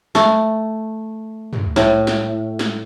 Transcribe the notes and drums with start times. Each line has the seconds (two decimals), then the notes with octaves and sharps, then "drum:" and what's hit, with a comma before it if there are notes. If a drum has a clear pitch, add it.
0.15 A3, drum: snare
1.53 drum: tom
1.76 A2, drum: snare
2.07 drum: snare
2.59 drum: snare